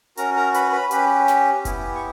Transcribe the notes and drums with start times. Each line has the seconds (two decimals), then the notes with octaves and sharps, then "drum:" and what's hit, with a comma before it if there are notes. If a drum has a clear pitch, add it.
0.17 C#4 F#4 A#4 A#5, drum: hi-hat
0.36 A#4 A#5
0.54 B4 B5, drum: hi-hat
0.73 B4 B5
0.91 C#4 G4 B4 B5, drum: hi-hat
1.28 drum: snare
1.65 B3 E4 G4, drum: kick F1, hi-hat
1.95 C#6